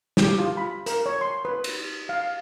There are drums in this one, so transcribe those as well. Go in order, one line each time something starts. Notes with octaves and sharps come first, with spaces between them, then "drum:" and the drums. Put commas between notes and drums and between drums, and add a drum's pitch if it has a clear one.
G4, drum: snare
F4
B5
A#4, drum: hi-hat
C#5
C6
B4
drum: cymbal
F5